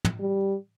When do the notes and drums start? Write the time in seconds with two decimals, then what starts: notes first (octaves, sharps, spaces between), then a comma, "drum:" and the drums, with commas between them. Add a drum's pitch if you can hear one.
0.05 drum: tom
0.20 G3